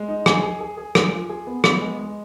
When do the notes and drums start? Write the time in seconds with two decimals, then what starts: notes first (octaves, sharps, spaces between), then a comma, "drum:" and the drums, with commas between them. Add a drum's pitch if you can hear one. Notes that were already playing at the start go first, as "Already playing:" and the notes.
Already playing: G#3
0.08 D#4
0.26 G#4, drum: rim click
0.43 G#4
0.61 G#4
0.78 G#4
0.95 G#4, drum: rim click
1.12 F4
1.29 G#4
1.47 B3
1.64 B3, drum: rim click
1.81 G#3
1.99 G#3